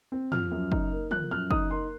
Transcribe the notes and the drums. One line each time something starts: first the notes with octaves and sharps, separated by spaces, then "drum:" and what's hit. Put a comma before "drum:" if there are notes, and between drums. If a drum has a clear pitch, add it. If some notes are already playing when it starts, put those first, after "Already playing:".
C4
F3 F6, drum: tom
F#2
D#4, drum: kick
A#3
F3 F#6, drum: tom
F#2 F6
D#4 D#6, drum: kick
A#3 C6